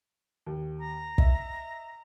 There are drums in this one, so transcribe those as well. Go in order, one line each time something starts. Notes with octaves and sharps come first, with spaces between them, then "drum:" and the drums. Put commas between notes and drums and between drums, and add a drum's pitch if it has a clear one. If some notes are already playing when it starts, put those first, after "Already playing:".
D#2
A#5
D#5 E5, drum: kick